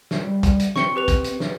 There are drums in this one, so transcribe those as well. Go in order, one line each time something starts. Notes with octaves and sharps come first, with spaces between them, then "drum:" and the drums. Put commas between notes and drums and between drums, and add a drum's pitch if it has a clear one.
drum: snare
G3
drum: kick, hi-hat
drum: hi-hat
C4 C#6 C#7 G7, drum: snare
G4 B4 F7
drum: kick, hi-hat
drum: hi-hat
drum: snare